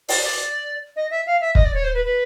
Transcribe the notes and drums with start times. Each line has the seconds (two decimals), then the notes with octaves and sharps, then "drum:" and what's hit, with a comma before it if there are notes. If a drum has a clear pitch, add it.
0.08 D5, drum: open hi-hat
0.23 D5
0.96 D#5
1.11 E5
1.26 F5
1.41 E5
1.55 D#5, drum: kick
1.65 D5
1.74 C#5
1.84 C5
1.94 B4
2.05 B4